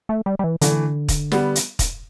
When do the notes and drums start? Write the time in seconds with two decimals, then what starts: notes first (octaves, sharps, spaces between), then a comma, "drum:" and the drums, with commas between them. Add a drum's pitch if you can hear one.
0.09 A3
0.26 G3
0.39 G3
0.44 E3
0.61 D3 E3 A3, drum: hi-hat
1.09 drum: kick, hi-hat
1.32 G3 B3, drum: snare
1.55 drum: hi-hat
1.79 drum: kick, hi-hat